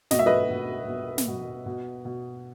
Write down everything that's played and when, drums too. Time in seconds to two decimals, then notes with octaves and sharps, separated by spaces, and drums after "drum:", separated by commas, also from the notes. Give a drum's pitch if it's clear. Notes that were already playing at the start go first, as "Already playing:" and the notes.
0.11 B2 D#5, drum: snare
0.19 E5
0.26 B4 D#5
0.50 B2
0.89 B2
1.18 drum: snare
1.27 B2
1.66 B2
2.05 B2